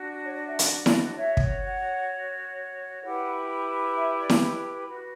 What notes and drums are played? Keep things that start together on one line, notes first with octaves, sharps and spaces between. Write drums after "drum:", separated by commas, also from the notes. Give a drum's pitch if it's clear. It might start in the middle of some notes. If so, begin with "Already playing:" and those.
Already playing: D4 F#4
C#5
D5
E5
D5, drum: hi-hat
D5, drum: snare E4
D5
F#4 C#5 E5
drum: kick
F#5
E4 G4 B4 F#5
E5
D5
drum: snare E4
F#4 B4